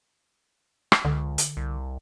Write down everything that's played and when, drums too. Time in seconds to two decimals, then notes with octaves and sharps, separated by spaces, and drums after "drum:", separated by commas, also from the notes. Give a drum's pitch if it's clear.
0.92 drum: rim click
1.05 C#2 D3
1.38 drum: hi-hat
1.57 C2